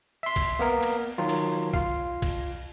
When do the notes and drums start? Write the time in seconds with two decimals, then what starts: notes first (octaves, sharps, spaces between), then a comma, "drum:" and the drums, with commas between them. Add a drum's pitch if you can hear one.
0.23 E5 C6
0.36 drum: kick, cymbal
0.59 A#3 B3 A#4
0.83 drum: cymbal
1.18 D#3 F#3 F4
1.29 drum: cymbal
1.74 F4 F5, drum: kick
2.22 drum: kick, cymbal